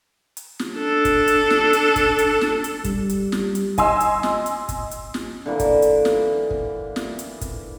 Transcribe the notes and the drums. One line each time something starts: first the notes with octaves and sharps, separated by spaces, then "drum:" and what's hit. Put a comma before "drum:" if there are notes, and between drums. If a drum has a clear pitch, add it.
drum: hi-hat
drum: snare
D4 A4
drum: kick, hi-hat
drum: hi-hat
drum: snare
drum: hi-hat
drum: kick, hi-hat
drum: hi-hat
drum: snare
drum: hi-hat
G3, drum: kick, hi-hat
drum: hi-hat
drum: snare
drum: hi-hat
D#5 G#5 C6 E6, drum: kick, hi-hat
drum: hi-hat
drum: snare
drum: hi-hat
drum: kick, hi-hat
drum: hi-hat
drum: snare
D3 E3 A#3
drum: kick, hi-hat
drum: hi-hat
drum: snare
drum: kick
drum: snare
drum: hi-hat
drum: kick, hi-hat